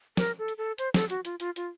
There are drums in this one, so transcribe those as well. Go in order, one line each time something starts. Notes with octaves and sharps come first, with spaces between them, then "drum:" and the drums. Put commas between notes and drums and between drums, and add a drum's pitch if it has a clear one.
A#4, drum: snare
A4
drum: hi-hat
A4
C5, drum: hi-hat
A4, drum: snare
F#4, drum: hi-hat
F4, drum: hi-hat
F4, drum: hi-hat
F4, drum: hi-hat